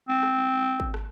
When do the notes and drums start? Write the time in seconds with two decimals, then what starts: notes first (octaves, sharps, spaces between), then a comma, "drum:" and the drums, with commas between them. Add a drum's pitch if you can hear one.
0.09 C4
0.23 drum: rim click
0.80 drum: kick G#1
0.94 drum: rim click